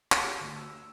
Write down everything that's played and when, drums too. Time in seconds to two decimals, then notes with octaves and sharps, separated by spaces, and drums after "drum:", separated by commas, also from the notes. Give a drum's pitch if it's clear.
0.12 drum: clap
0.24 G4
0.41 D2
0.56 E6
0.73 E6